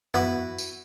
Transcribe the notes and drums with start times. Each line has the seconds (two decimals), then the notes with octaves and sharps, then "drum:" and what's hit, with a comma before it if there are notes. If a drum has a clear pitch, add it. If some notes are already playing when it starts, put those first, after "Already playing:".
0.14 B3 E4 F#4 B4, drum: tom F#2
0.58 drum: tambourine